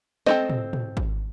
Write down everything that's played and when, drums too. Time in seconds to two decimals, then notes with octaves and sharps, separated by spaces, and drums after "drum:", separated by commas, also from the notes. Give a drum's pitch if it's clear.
0.26 C4 E4 A4 C5 D#5, drum: snare
0.50 drum: tom
0.73 drum: tom
0.97 drum: kick G#1